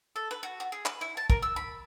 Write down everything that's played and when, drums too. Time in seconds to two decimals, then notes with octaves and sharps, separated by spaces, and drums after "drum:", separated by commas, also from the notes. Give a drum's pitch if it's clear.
0.16 A4
0.31 B4
0.43 F#4
0.60 F#4
0.72 G#4
0.85 B4, drum: clap
1.01 E4
1.17 A5
1.30 A#4, drum: kick
1.42 E6
1.56 B5